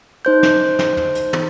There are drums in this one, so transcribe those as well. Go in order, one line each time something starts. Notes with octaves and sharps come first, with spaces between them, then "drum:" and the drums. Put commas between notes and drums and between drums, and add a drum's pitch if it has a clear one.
D#4 C5 G6
drum: snare
drum: snare
drum: tom
drum: hi-hat
drum: tom